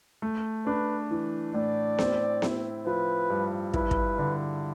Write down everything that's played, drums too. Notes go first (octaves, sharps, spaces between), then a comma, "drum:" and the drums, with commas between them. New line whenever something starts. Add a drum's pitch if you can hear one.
A3
D4 B4
E3
A2 D5
C4, drum: snare B3
E4, drum: snare B3
F3 B4
G2
E4 B4, drum: kick
drum: kick
D3